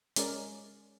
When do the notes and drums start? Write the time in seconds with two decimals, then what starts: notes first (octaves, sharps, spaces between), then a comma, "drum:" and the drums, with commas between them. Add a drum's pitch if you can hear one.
0.16 G#3 C#4 G#4 A#4 D5, drum: hi-hat